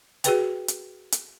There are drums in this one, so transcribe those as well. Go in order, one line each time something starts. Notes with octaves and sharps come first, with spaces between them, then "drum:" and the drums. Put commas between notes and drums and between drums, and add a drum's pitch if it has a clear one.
F#4 G#4 B4 G5, drum: hi-hat
drum: hi-hat
drum: hi-hat